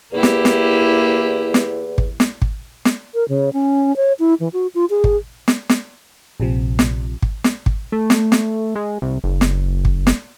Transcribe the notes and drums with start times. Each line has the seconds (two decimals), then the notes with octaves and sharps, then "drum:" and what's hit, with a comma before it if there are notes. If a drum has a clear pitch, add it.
0.13 E2 A#3 E4 G4
0.23 drum: snare
0.45 drum: snare
1.54 drum: snare
1.98 drum: kick
2.20 drum: snare
2.42 drum: kick
2.85 drum: snare
3.14 A#4
3.28 C#3
3.53 C#4
3.97 C#5
4.20 E4
4.40 E3
4.53 F#4
4.75 F4
4.90 G#4
5.04 drum: kick
5.48 drum: snare
5.69 drum: snare
6.40 A#1 C3 F3
6.79 drum: snare
7.22 drum: kick
7.44 drum: snare
7.66 drum: kick
7.92 A3
8.10 drum: snare
8.32 drum: snare
8.75 G#3
9.02 C2
9.24 F#1
9.41 drum: snare
9.85 drum: kick
10.07 drum: snare